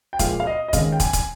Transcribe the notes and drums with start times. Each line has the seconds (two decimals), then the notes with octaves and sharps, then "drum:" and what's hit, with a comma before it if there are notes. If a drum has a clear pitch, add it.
0.13 G5
0.19 A#2 F3 G#3 F5, drum: kick, hi-hat
0.40 F5
0.47 D#5
0.68 D#5
0.73 D#2 D#3 G#3 C#4 F5, drum: kick, hi-hat
0.92 G5
1.00 G#5, drum: kick, hi-hat
1.13 drum: kick, hi-hat